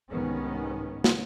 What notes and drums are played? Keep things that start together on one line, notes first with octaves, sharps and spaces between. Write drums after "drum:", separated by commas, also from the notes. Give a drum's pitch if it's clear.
C2 G#2 D#3 B3 C#4
drum: snare